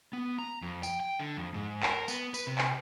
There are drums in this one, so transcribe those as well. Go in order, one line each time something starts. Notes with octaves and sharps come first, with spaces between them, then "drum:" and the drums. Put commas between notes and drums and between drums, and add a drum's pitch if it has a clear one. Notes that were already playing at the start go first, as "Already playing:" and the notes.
B3
A#5
F2
G5, drum: tambourine
G5
D3
F2
G#2
A#4, drum: clap
B3, drum: tambourine
B4, drum: tambourine
C3
drum: clap